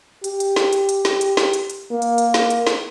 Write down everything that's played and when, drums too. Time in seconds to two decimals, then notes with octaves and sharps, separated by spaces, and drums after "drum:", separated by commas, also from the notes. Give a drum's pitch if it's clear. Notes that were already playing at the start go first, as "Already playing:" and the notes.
0.24 G4, drum: hi-hat
0.40 drum: hi-hat
0.56 drum: snare
0.73 drum: hi-hat
0.89 drum: hi-hat
1.05 drum: snare
1.21 drum: hi-hat
1.37 drum: snare
1.53 drum: hi-hat
1.70 drum: hi-hat
1.92 A#3
2.02 drum: hi-hat
2.18 drum: hi-hat
2.34 drum: snare
2.50 drum: hi-hat
2.67 drum: snare